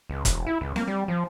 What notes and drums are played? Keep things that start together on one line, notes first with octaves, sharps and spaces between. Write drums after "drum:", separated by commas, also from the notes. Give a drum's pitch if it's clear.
C#2
E1, drum: kick, hi-hat
E4
C#2
A#3, drum: snare C4
G3
F3